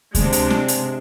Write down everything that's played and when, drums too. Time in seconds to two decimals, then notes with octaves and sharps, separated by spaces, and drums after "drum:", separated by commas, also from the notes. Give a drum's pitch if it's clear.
0.15 C3 G#3 D4, drum: kick D2, hi-hat
0.33 drum: hi-hat
0.50 drum: snare
0.68 drum: hi-hat